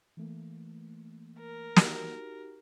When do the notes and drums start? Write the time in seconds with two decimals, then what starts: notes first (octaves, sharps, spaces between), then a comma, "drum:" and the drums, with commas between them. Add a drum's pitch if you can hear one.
0.17 E3 A3 A#3
1.40 A#4
1.76 D#4 F#4 G4, drum: snare